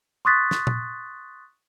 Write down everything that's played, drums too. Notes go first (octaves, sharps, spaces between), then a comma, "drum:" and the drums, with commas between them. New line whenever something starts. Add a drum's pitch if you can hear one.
C6 C#6 D#6 F#6 A6 B6
drum: snare
drum: tom A#2